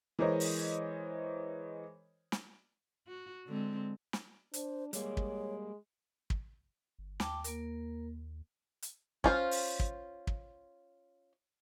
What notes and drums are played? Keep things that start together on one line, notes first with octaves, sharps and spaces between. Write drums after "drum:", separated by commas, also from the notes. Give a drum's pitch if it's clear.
E3 G#3 A#4 C5 C#5 D#5
drum: open hi-hat
drum: snare
F#4
D3 G#3 C4
drum: snare
D4 C5, drum: hi-hat
G3 G#3 A#3 C#5, drum: hi-hat
drum: kick
drum: kick
G1
D#2 G5 A5 D6, drum: snare
A#3 A#4, drum: hi-hat
drum: hi-hat
C#4 F4 C5, drum: kick
drum: open hi-hat
drum: kick
drum: kick